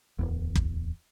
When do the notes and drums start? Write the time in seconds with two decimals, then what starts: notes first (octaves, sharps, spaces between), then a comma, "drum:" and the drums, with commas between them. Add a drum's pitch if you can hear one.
0.19 D1 G1 E2
0.56 drum: kick